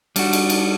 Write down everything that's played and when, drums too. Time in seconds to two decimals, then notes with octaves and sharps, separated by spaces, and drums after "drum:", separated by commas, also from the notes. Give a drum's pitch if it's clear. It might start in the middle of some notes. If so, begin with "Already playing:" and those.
0.16 G3 D4 F#4, drum: cymbal
0.33 drum: cymbal
0.50 drum: cymbal